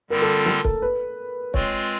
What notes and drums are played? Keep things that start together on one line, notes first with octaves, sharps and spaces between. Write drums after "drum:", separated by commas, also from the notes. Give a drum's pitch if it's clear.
D3 G3 C4 F4 A#4
A4
A4, drum: snare
A4, drum: kick
B4
G#3 C4 F4 C#5, drum: kick